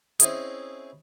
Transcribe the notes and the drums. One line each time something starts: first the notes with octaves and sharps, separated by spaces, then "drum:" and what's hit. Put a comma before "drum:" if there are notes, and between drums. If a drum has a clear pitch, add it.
C4 C#4 E4 G#4 D#5, drum: hi-hat